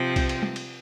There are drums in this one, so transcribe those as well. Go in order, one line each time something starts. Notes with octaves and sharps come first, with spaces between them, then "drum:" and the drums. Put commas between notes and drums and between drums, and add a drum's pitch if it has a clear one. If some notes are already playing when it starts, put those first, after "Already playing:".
Already playing: C3 F3 C4
drum: kick B1, cymbal
drum: cymbal
drum: tom
drum: cymbal